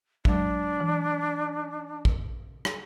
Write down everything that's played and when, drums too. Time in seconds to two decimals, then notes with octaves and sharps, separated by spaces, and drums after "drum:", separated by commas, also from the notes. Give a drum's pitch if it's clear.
0.25 F#3 G#3 D4, drum: kick
0.80 E3
2.05 drum: kick
2.65 drum: rim click